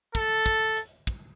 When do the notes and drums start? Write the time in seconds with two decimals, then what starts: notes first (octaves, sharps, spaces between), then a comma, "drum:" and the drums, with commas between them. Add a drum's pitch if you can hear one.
0.15 A4, drum: kick, hi-hat
0.46 drum: kick, hi-hat
0.77 drum: hi-hat
1.07 drum: kick, hi-hat